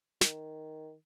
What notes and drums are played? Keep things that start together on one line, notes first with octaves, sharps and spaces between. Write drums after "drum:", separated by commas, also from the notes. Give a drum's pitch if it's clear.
D#3, drum: snare